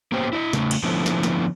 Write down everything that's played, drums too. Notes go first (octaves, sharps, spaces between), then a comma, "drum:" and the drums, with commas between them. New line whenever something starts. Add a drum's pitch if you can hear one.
A#3 B3 C#4 G4 C5
E4 D5 D#5
C#3 A3 C#4, drum: snare
drum: cymbal
D3 F3 A3 B3 C#4 E4
drum: snare
drum: snare